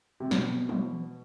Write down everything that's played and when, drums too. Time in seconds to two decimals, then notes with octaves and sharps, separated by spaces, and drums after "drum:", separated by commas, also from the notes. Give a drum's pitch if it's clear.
0.20 C3
0.31 B2, drum: snare
0.69 drum: tom